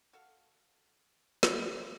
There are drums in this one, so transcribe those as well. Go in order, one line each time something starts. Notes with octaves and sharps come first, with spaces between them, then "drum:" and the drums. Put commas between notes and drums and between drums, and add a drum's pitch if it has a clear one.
F#4 A4 F5
C#3 E4 D5 D#5, drum: snare